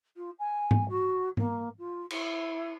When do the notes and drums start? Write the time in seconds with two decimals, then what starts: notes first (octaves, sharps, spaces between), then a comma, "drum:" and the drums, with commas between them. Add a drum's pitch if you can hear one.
0.16 F4
0.39 G#5
0.71 drum: tom G#2
0.89 F#4
1.37 A#3, drum: tom G#2
1.79 F4
2.10 E4, drum: cymbal